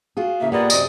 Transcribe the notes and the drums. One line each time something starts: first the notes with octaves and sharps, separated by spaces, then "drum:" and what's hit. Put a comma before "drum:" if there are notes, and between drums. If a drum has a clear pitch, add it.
F4 F#4 G#4
A2 C#3 A#3 E5
A#2 A#3 B3 G4 G#4 D5
F#2 C3 D#5, drum: tambourine